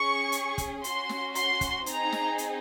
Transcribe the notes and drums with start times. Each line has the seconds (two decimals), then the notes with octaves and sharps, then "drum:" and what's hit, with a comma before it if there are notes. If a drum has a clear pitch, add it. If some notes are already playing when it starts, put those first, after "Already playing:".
Already playing: C#4 G#4 C#6
0.32 drum: hi-hat
0.58 drum: kick, hi-hat
0.84 C#4 F#4 C6, drum: hi-hat
1.09 drum: snare
1.35 C6, drum: hi-hat
1.61 drum: kick, hi-hat
1.86 C4 D#4 G#4 A#5, drum: hi-hat
2.12 drum: snare
2.38 drum: hi-hat